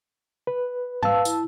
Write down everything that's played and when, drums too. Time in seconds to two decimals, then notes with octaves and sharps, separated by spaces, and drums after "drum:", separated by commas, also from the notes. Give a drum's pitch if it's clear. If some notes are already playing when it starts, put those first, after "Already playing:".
0.47 B4
1.03 B4 F5 A5 E6, drum: tom G#2
1.25 E4, drum: tambourine